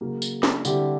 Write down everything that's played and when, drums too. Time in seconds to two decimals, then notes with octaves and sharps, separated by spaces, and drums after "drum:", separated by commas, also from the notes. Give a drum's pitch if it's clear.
0.01 C#3 F#3 A#3
0.22 drum: tambourine
0.43 drum: snare
0.65 D3 G3 C4 E4 G4, drum: tambourine